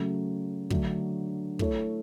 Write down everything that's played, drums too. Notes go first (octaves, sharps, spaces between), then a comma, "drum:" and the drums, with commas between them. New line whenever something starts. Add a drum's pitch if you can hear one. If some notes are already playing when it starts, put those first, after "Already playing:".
Already playing: C#3 F#3 A3
D3 F#3 A3 D4, drum: kick
A3 E4 A4 C#5, drum: kick